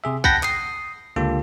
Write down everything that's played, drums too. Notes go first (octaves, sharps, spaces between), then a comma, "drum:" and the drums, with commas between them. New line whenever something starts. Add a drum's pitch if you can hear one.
C3 G#4 E5
F#5 G5 A5 B5 G6 A#6, drum: kick
D#6 C7, drum: clap
C#2 D3 A#3 F4 G4 A4